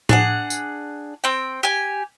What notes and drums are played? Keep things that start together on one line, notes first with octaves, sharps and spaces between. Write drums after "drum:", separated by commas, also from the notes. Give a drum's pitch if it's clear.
D4 G#4 F#5, drum: tom A2
drum: tambourine
C4 G5
G4 G#5